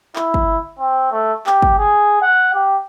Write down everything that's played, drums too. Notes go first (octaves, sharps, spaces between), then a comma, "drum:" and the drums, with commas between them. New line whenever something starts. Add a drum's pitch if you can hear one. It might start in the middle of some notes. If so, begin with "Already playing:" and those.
E4, drum: clap
drum: kick
C4
A3
G4, drum: clap
drum: kick
G#4
F#5
G4